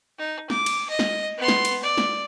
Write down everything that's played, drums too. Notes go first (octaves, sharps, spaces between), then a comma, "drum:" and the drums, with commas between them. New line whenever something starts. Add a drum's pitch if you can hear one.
D#4
D6, drum: snare
drum: cymbal
D#5
drum: snare
B3 C6
drum: snare
drum: cymbal
D5
drum: snare